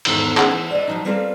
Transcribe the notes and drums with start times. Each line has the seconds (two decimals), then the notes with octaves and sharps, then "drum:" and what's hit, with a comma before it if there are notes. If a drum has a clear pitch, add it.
0.05 E2 G#2 D#3 B3 A4, drum: cymbal
0.37 D#3 A3 C4 C#4 G#4 F#5, drum: clap
0.51 E3
0.71 D5 D#5
0.88 F3 F#3 D#4
1.05 G3 A#3 C4 F4 A4 B4